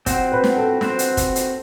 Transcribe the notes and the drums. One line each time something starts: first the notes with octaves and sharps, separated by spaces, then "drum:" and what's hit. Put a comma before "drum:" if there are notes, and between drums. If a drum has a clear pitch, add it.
C4 F#4 C5 F#5, drum: kick, hi-hat
B4
drum: snare
A4
C4 F#4 C5, drum: snare
drum: hi-hat
drum: kick, hi-hat
drum: hi-hat